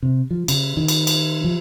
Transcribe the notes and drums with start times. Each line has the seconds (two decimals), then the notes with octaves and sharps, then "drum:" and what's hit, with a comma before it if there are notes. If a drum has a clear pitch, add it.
0.03 C3
0.31 F3
0.48 C#3, drum: cymbal
0.77 D#3
0.88 drum: cymbal
1.07 drum: cymbal
1.44 F3